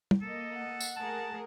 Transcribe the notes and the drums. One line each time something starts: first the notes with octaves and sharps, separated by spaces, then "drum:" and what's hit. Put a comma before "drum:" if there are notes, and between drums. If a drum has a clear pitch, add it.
drum: tom
A#3 A4 D#5
F#5
drum: tambourine
A3 G#4 A#4 A5